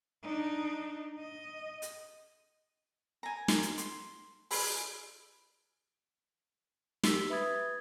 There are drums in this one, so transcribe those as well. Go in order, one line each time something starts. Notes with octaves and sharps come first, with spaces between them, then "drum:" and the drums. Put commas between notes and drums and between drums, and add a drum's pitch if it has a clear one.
D4 D#4
D#5
drum: hi-hat
G#5 A#5
drum: snare
drum: hi-hat
C6, drum: hi-hat
G#4 B5 C6, drum: open hi-hat
G4 E6 B6 G7, drum: snare
B4 E5 B5 D#6 G#6 A6